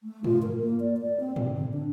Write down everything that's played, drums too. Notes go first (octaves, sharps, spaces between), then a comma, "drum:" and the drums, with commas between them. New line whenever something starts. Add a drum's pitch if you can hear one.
A3
F4, drum: tom
A#4
A#3
D5
D5
C4
C4, drum: tom
D3
D4